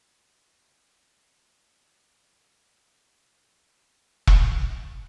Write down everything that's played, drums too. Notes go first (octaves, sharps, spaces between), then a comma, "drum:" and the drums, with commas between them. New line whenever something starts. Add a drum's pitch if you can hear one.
G#4 A#4 C#5 E5
G3 A3 A#3 E4 A4 E5
drum: kick E1